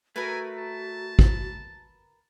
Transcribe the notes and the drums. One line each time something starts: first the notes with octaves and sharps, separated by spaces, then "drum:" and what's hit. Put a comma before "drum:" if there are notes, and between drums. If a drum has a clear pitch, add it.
A3 F#4 A#4 B4 G#5
A5
drum: kick